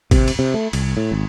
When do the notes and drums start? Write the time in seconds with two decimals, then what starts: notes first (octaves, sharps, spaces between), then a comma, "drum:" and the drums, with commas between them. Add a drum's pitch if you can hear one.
0.11 C3, drum: kick, cymbal
0.28 drum: cymbal
0.39 C3
0.54 A3
0.73 C2, drum: cymbal
0.97 A2
1.12 G#1